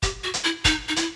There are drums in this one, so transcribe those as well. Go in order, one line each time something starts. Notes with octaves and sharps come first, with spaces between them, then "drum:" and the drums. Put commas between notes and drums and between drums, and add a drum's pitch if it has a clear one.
G4, drum: kick, hi-hat
F#4
drum: hi-hat
E4
D#4, drum: kick, hi-hat
D#4
E4, drum: hi-hat